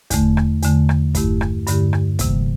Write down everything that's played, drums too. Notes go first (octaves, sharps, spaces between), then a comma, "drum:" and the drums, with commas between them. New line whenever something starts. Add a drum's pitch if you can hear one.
E2 D3 A3, drum: kick, hi-hat
drum: rim click
E2 D3 A3, drum: hi-hat
drum: rim click
G2 D3 A3 E4 G4, drum: kick, hi-hat
drum: rim click
G2 D3 A3 E4 G4, drum: hi-hat
drum: rim click
C3 E3 G3 A#3, drum: kick, hi-hat